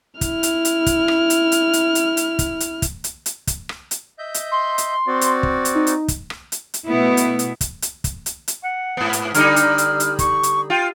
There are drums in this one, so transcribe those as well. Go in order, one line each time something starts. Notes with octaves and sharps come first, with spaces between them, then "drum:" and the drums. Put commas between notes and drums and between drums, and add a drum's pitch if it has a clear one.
E4 F6, drum: kick, hi-hat
drum: hi-hat
drum: hi-hat
drum: kick, hi-hat
drum: rim click
drum: hi-hat
drum: hi-hat
drum: hi-hat
drum: hi-hat
drum: hi-hat
drum: kick, hi-hat
drum: hi-hat
drum: kick, hi-hat
drum: hi-hat
drum: hi-hat
drum: kick, hi-hat
drum: rim click
drum: hi-hat
D#5 E5 G6
drum: hi-hat
C6
drum: hi-hat
C4 F#4 D5
drum: hi-hat
drum: kick
drum: hi-hat
D#4
drum: hi-hat
drum: kick, hi-hat
drum: rim click
drum: hi-hat
drum: hi-hat
B2 A3 B3 E4
drum: hi-hat
drum: hi-hat
drum: kick, hi-hat
drum: hi-hat
drum: kick, hi-hat
drum: hi-hat
drum: hi-hat
F#5
G#2 B3
drum: hi-hat
D3 G3 D#4 F6, drum: hi-hat
drum: hi-hat
drum: hi-hat
drum: hi-hat
C#6, drum: kick, hi-hat
drum: hi-hat
F4 G5